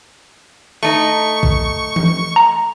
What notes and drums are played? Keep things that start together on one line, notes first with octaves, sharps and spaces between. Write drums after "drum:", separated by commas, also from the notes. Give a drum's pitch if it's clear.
A3 D#4 C#6
drum: kick
drum: tom E3
A#5